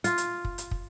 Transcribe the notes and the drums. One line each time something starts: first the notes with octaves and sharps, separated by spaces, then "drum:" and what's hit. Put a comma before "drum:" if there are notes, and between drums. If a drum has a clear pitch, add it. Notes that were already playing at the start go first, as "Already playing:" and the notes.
F4, drum: hi-hat
drum: hi-hat
drum: kick
drum: hi-hat
drum: kick